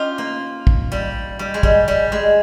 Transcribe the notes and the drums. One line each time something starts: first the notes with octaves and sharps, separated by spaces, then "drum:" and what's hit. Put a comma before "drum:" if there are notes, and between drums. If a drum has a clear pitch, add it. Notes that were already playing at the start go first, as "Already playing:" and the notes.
Already playing: C#4 D#4 F4 G4
A#3
drum: kick
G3
G3
G#3
G3, drum: kick
G3
G#3